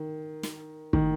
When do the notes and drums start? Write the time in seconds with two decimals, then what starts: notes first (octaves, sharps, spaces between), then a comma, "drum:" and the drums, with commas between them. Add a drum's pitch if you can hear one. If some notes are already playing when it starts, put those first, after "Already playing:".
Already playing: D#3
0.43 drum: snare
0.93 D#3, drum: kick